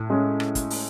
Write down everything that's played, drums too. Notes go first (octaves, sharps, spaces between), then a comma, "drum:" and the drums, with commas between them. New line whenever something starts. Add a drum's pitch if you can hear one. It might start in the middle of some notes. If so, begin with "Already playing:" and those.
Already playing: A2
G#3 C#4
drum: rim click
drum: kick, hi-hat
drum: open hi-hat